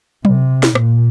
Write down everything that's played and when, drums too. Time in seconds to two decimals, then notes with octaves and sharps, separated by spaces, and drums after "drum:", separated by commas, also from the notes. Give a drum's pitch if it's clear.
0.25 C3, drum: tom F#3
0.63 drum: snare
0.75 A#2, drum: rim click